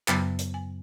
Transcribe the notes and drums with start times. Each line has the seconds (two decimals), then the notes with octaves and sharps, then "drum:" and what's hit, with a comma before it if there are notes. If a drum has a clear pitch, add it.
0.08 F#2 C#3 F#3 B3 B5, drum: clap
0.39 drum: hi-hat
0.54 G#5